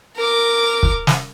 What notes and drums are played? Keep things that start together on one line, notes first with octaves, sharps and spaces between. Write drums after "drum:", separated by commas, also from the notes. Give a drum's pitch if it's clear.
A#4 D6
drum: kick
drum: snare